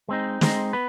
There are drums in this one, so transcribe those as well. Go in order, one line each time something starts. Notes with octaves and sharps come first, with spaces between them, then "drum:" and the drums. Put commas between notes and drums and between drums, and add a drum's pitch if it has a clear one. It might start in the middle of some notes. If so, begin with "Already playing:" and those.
G#3 C4 D#4
G#3 C4 D#4, drum: snare
B3 B4